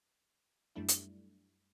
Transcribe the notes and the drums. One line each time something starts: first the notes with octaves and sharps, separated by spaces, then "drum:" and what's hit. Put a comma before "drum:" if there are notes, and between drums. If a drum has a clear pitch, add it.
F#2 G3 A3 D4 E4
drum: hi-hat